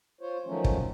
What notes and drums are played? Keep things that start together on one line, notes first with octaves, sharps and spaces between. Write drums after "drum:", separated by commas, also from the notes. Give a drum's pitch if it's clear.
F4 C5 C#5
D#3 F3 F#3 A3 C#4
drum: kick